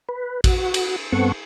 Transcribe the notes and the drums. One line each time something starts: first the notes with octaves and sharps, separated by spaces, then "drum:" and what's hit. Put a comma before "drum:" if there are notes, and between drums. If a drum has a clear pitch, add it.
B4
F#4, drum: kick A1, cymbal
drum: cymbal
G2 B3 C4 A4 F#5 C#6